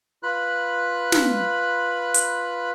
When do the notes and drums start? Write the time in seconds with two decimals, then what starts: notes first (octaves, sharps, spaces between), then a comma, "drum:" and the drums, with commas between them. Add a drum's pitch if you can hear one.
0.23 F4 B4 B5 F#6
1.12 drum: snare
2.14 drum: hi-hat